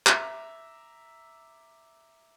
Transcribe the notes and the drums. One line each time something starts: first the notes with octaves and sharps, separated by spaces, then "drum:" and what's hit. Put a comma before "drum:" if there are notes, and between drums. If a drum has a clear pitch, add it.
E5 A#5 D6, drum: clap